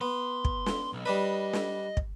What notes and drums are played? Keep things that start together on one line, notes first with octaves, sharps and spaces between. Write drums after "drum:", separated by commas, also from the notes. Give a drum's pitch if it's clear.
B3 C6
drum: kick
drum: snare
B1
G3 D4 B4 D#5
drum: snare
drum: kick